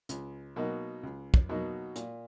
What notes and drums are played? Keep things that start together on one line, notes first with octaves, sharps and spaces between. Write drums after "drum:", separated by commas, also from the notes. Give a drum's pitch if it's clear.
C#2, drum: hi-hat
B2 F#3 A#3 D#4
C#2
drum: kick
B2 F#3 A#3 D#4
A#2, drum: hi-hat